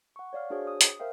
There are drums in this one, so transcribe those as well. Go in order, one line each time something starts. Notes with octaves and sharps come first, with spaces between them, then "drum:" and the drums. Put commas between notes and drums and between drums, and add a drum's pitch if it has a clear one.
F#5 C#6
C#5 D5 F5 F6
D4 F#4 G#4 C5 C#5
D#6
drum: hi-hat
A#4 C5 E5 F5 G5